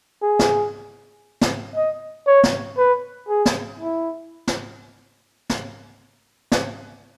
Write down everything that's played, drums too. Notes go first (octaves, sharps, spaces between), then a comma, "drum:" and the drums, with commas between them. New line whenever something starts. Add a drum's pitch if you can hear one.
G#4
drum: snare
drum: snare
D#5
C#5
drum: snare
B4
G#4
drum: snare
E4
drum: snare
drum: snare
drum: snare